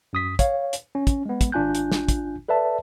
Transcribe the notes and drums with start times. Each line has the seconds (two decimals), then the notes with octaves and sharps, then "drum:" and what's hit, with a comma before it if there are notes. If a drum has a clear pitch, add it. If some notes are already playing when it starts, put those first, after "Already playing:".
0.13 F#2 D#6 B6
0.39 C#5 F5, drum: kick, hi-hat
0.73 drum: hi-hat
0.95 C#4
1.07 drum: kick, hi-hat
1.26 G#3 B3
1.41 drum: kick, hi-hat
1.52 G#1 D4 F4 G#5 F#6 G6
1.75 drum: hi-hat
1.92 drum: snare
2.09 drum: kick, hi-hat
2.48 A4 B4 D5 E5 A5